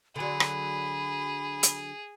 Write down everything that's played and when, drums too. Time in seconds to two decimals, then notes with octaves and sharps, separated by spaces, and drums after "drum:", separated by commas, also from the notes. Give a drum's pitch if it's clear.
0.16 D3 F#3 G#4 B5
0.40 drum: rim click
1.63 drum: hi-hat